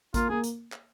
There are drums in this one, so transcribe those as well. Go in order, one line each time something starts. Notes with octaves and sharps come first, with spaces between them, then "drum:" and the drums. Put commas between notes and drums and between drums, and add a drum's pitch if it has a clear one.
A#3 F4, drum: kick A1, hi-hat
A#3 G#4
drum: hi-hat
drum: clap